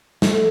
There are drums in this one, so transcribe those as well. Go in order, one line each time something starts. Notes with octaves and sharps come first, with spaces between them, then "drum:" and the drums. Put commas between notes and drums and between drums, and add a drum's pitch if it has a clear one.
A3, drum: snare